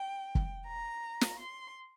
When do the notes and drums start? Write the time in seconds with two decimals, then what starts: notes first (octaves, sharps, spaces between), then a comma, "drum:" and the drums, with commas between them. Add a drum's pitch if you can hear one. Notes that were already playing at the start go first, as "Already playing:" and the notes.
Already playing: G5
0.35 drum: kick
0.66 A#5
1.21 drum: snare
1.38 C6